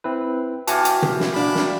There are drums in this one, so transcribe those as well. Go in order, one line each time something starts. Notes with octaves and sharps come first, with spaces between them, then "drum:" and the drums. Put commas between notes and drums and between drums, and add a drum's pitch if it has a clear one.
C4 E4 B4
E3 F#4 G4 F5 F#5 G#5 A5, drum: hi-hat
drum: hi-hat
drum: tom
drum: snare
A#3 D4 B5
drum: snare